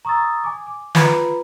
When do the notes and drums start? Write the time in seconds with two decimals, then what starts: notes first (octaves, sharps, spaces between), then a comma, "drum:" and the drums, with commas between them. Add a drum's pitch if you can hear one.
0.05 A#5 C#6 D#6 E6 A6
0.44 G#5 D6
0.67 D6
0.95 F4 B4 A#5 B5, drum: snare